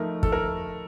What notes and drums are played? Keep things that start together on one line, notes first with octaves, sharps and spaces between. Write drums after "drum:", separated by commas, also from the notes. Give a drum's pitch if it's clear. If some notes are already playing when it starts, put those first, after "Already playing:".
Already playing: F3 A3 D#4 A#4
A4, drum: kick
A#4